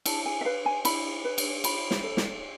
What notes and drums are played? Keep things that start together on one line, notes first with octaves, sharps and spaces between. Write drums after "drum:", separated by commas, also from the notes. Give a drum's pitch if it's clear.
E4 A5, drum: cymbal
G#5
E5
B4 F5
G#5
E4 B5, drum: cymbal
B4
drum: cymbal
F4 B5, drum: cymbal
drum: snare
A4
drum: snare